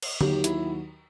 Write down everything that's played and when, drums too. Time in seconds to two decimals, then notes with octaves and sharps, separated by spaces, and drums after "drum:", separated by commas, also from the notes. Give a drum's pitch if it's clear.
0.03 drum: cymbal
0.21 D#2 D#3 F#3 G4, drum: tom D3
0.44 E4, drum: hi-hat